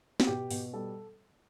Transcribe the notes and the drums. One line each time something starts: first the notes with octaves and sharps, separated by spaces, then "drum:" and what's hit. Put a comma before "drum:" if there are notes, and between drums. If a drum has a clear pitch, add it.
F#4, drum: snare
B2 G4
B2, drum: open hi-hat
G3 A4